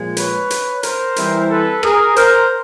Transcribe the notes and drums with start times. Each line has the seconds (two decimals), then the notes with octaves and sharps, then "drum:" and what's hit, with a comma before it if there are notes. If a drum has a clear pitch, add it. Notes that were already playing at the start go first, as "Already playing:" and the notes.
Already playing: A#2 F3 G#3
0.17 B4 C#5, drum: hi-hat
0.50 drum: hi-hat
0.83 A#4 C5, drum: hi-hat
1.16 E3 G3 C4 E4, drum: hi-hat
1.50 A4 B4
1.83 G#4 A#4, drum: rim click
2.16 A#4 C5, drum: hi-hat